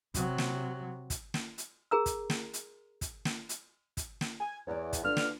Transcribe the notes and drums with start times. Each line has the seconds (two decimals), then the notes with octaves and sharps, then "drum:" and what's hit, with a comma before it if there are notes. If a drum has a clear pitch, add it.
0.14 C3 F#3, drum: kick, hi-hat
0.38 drum: snare
1.10 drum: kick, hi-hat
1.34 drum: snare
1.58 drum: hi-hat
1.91 G#4 A#4 A#5 E6
2.06 drum: kick, hi-hat
2.30 drum: snare
2.54 drum: hi-hat
3.01 drum: kick, hi-hat
3.25 drum: snare
3.49 drum: hi-hat
3.97 drum: kick, hi-hat
4.21 drum: snare
4.40 G#5
4.67 E2 C#5 D5
4.93 drum: kick, hi-hat
5.03 D3 D4 F4 B4 F6
5.17 drum: snare